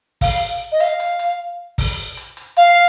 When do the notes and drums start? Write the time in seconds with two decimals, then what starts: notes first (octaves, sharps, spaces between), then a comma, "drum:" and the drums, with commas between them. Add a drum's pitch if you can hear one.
0.21 F5, drum: kick, open hi-hat
0.71 D#5
0.80 F5, drum: hi-hat
1.00 drum: hi-hat
1.19 drum: hi-hat
1.78 drum: kick, open hi-hat
2.17 drum: hi-hat
2.37 drum: hi-hat
2.57 F5, drum: hi-hat